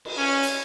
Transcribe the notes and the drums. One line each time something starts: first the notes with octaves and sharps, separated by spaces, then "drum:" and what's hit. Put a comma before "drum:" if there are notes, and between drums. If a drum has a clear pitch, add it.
drum: cymbal
C#4
drum: hi-hat